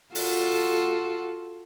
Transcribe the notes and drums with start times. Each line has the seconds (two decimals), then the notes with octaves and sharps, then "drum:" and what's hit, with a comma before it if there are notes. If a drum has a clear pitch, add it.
0.15 F4 F#4 A4, drum: open hi-hat